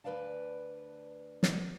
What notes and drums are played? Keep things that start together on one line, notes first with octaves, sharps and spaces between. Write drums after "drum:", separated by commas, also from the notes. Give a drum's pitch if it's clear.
D2 G#3 B4 D5 F5 A5
drum: snare